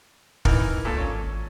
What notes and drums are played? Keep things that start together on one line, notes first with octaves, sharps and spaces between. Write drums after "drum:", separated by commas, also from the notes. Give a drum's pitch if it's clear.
G#2 E3 D#4 A#4, drum: kick
D#1
C#2 A#2 A4 A5
G#1 C#4